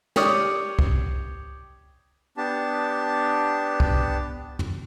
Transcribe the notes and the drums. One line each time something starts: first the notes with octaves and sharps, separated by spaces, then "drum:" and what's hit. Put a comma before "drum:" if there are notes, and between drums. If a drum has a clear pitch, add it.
G4 C#5 D5 D#6, drum: snare
drum: kick
B3 D4 G4 A5
drum: kick
drum: tom